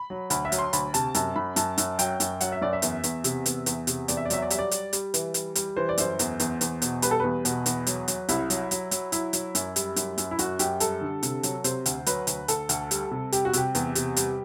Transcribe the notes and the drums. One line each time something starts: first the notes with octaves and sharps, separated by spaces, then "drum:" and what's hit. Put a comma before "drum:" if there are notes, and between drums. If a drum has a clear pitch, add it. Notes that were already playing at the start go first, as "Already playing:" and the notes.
Already playing: B5
F#3
D2 B5, drum: hi-hat
E5
F#3, drum: hi-hat
C6
D2 B5, drum: hi-hat
C3 A5, drum: hi-hat
F#2 A5, drum: hi-hat
F#2 B5
F#2 A5, drum: hi-hat
F#2, drum: hi-hat
F#3 G5, drum: hi-hat
F#2, drum: hi-hat
F#3 F#5, drum: hi-hat
E5
F#2 D5
E5
E2, drum: hi-hat
E2, drum: hi-hat
C3, drum: hi-hat
E2, drum: hi-hat
E2, drum: hi-hat
C3, drum: hi-hat
E2 D5, drum: hi-hat
E5
D5
F#3 E5, drum: hi-hat
D5
G3 E5, drum: hi-hat
D5
G3, drum: hi-hat
G3, drum: hi-hat
E3, drum: hi-hat
G3, drum: hi-hat
G3, drum: hi-hat
E3 C5
D5
F#2 C5, drum: hi-hat
E2, drum: hi-hat
E2, drum: hi-hat
E2, drum: hi-hat
B2, drum: hi-hat
G3 B4, drum: hi-hat
A4
E2 B4
B2, drum: hi-hat
E2, drum: hi-hat
F#3, drum: hi-hat
F#3, drum: hi-hat
C2 E4, drum: hi-hat
F#3, drum: hi-hat
F#3, drum: hi-hat
F#3, drum: hi-hat
F#3 E4, drum: hi-hat
F#3, drum: hi-hat
F#2, drum: hi-hat
G3, drum: hi-hat
F#2, drum: hi-hat
F#2, drum: hi-hat
E4
F#2 F#4, drum: hi-hat
F#2 G4, drum: hi-hat
G3 A4, drum: hi-hat
D3
C3, drum: hi-hat
F#3, drum: hi-hat
C3 C5, drum: hi-hat
D2, drum: hi-hat
F#3 B4, drum: hi-hat
D2, drum: hi-hat
D2 A4, drum: hi-hat
D2, drum: hi-hat
G3, drum: hi-hat
C3
G3 G4, drum: hi-hat
F#4
C3 G4, drum: hi-hat
E2, drum: hi-hat
C3, drum: hi-hat
G3, drum: hi-hat